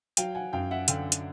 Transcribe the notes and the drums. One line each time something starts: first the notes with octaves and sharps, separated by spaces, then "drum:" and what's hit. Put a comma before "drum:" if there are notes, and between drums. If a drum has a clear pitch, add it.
F#3 F5 G5, drum: hi-hat
F#5 G#5
F#2 F5 G5
E5 F#5
D3 F5 G5, drum: hi-hat
drum: hi-hat